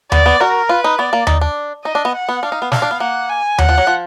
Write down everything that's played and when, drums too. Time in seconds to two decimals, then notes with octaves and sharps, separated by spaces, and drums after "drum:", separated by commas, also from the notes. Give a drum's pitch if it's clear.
0.12 B3 D5, drum: tom D#2
0.26 B3
0.40 F#4 A#4
0.69 F4 B4
0.84 D#4
0.98 B3 D5
1.13 A#3
1.27 D#4, drum: tom D#2
1.41 D4
1.85 D#4 D#5
1.95 D4
2.05 B3
2.14 F#5
2.29 B3
2.43 D4 F5
2.52 D#4
2.62 B3
2.72 D4 F5, drum: snare
2.82 D4
2.91 B3
3.00 A#3 F#5
3.29 G#5
3.58 F#3 F#5, drum: tom D#2
3.69 F3
3.78 F#3
3.87 F3